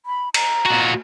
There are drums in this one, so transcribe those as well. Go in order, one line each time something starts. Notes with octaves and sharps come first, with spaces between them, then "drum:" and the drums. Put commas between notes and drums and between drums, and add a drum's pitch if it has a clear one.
B5
A#5, drum: cymbal
A#2 F#4